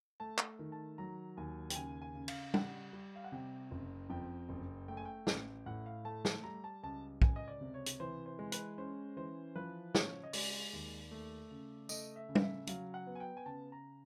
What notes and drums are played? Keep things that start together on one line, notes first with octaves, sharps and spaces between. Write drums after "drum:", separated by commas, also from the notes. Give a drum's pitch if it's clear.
A3 A5
drum: clap
D#3
A5
F#3 A#5
D#2 G#5
G5, drum: hi-hat
C#3 G#5
G#5
C#3
F5, drum: cymbal
G3 F#5, drum: tom
G3
F5
F#5
C3 G5
F#1
F2 G5
F#1
A3 G5
G#5
G5
A1, drum: snare
A2 F#5
F5
A3 A5
A5, drum: snare
G3 A#5
A5
C#2 A5
C#2 G#5, drum: kick
D#5
D5
C3
C#5
drum: hi-hat
E3 C5
C5
G#3
B4, drum: hi-hat
C#4 C5
E3 C5
F3 B4
C#3 C#5, drum: snare
D#5
G#3 D5, drum: open hi-hat
D#2
A3
C#3
A3 D#5, drum: tambourine
E5
C#3
F5, drum: tom
E5
F#3 F5, drum: hi-hat
F#5
B3
G#5
G5
G#5
C#3 A5
A#5